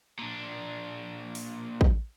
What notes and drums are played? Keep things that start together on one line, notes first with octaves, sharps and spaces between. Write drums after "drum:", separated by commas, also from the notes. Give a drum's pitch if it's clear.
A#2 D4
drum: open hi-hat
drum: kick A1